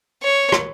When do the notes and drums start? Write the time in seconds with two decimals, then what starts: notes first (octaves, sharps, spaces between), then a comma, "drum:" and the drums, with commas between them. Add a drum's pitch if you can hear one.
0.22 C#5
0.52 drum: rim click